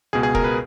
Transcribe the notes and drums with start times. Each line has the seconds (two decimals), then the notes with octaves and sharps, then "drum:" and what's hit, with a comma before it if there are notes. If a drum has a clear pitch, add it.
0.13 C#2 B2 G#4
0.23 G#4
0.35 A#4, drum: kick
0.44 B4